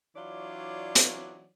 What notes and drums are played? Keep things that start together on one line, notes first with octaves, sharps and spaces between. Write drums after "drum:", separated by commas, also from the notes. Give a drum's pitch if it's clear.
E3 F#3 D4 F4 C#5 D5
drum: hi-hat